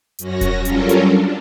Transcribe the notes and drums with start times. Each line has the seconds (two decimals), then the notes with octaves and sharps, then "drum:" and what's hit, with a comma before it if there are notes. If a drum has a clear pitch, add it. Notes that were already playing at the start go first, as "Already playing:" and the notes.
0.19 F#2 C#4 F#4 A#6, drum: hi-hat
0.41 drum: kick E1, hi-hat
0.65 F#3 G3 C#4 F4 A4 A#4, drum: hi-hat
0.89 drum: hi-hat
1.08 D4